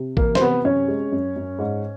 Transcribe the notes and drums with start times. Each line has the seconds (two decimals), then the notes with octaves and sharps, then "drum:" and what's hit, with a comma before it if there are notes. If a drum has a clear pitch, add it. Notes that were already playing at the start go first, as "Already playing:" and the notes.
Already playing: C3
0.17 E3 A#3 A#4, drum: kick
0.35 C5, drum: snare
0.40 C3 B3 B4
0.64 F#2 C#4 C#5
0.88 G#3
1.12 F#2
1.36 F#2
1.59 G#2